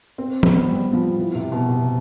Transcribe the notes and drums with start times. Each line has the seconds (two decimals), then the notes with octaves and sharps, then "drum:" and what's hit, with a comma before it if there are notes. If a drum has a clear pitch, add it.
0.18 C4
0.43 B3, drum: tom
0.68 G3
0.93 F3
1.19 E3
1.35 C3
1.52 B2
1.69 C3